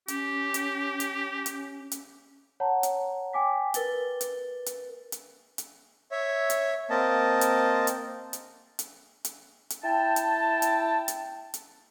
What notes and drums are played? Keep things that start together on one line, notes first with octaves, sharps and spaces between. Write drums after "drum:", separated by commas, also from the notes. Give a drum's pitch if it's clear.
C#4 G4, drum: hi-hat
drum: hi-hat
drum: hi-hat
drum: hi-hat
drum: hi-hat
C#5 F#5 A5 A#5
drum: hi-hat
G5 G#5 D6 B6
A#4 B4 A6 G7, drum: hi-hat
drum: hi-hat
drum: hi-hat
drum: hi-hat
drum: hi-hat
C#5 E5
drum: hi-hat
A#3 C4 D#5 A5
drum: hi-hat
drum: hi-hat
drum: hi-hat
drum: hi-hat
drum: hi-hat
drum: hi-hat
E4 G5 A5
drum: hi-hat
drum: hi-hat
drum: hi-hat
drum: hi-hat